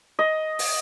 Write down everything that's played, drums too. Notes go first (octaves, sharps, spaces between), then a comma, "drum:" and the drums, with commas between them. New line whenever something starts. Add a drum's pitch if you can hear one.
D#5
drum: open hi-hat